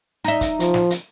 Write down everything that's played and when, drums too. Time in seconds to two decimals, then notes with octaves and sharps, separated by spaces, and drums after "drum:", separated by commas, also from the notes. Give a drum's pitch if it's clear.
0.24 D#4 E5
0.41 drum: kick, hi-hat
0.60 F3, drum: hi-hat
0.74 drum: snare
0.90 drum: hi-hat